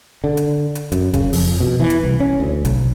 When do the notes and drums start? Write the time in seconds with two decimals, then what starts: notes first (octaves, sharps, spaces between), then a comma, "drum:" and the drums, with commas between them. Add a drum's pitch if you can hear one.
0.24 D3
0.37 drum: hi-hat
0.75 drum: hi-hat
0.92 F#2, drum: hi-hat
1.14 C#3, drum: kick F1, hi-hat
1.33 F2, drum: open hi-hat
1.60 B2
1.80 E3
1.90 drum: hi-hat
2.04 C2
2.20 C#4
2.40 D2
2.65 B1, drum: hi-hat